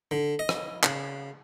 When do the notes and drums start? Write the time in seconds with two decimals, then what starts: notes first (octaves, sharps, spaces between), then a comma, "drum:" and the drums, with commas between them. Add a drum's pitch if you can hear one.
0.11 D3
0.39 D#5
0.49 drum: rim click
0.83 C#3, drum: clap